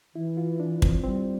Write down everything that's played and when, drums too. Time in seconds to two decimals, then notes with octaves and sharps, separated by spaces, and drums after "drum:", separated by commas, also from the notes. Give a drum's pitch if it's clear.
0.15 E3 E4
0.37 F4
0.60 D4
0.82 C4, drum: kick
1.04 G3 C4